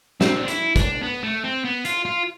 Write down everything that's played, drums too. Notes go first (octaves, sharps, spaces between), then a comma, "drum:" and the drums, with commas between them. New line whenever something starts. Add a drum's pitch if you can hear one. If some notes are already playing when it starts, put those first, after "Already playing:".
C4, drum: snare
D4
E4, drum: hi-hat
D4, drum: kick, hi-hat
B3
A3
C4
B3
F4, drum: hi-hat
F4